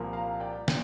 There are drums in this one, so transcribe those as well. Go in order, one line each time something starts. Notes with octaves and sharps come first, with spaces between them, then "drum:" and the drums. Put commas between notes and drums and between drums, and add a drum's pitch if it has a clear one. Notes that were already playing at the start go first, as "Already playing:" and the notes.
Already playing: C2 A#2 F3 A#3
F5 A#5
D5 G5
A#2 D5 G5, drum: snare